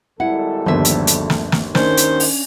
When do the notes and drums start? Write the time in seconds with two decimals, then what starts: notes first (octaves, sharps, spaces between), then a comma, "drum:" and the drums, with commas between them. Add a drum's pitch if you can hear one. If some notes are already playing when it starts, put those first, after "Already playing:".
0.20 G#1 G3 E4 A4 F#5
0.66 G1 D#2 F3 E5
0.85 drum: hi-hat
1.07 drum: hi-hat
1.30 drum: snare
1.52 drum: snare
1.75 D#3 C#4 D4 C5, drum: snare
1.97 drum: hi-hat
2.20 drum: open hi-hat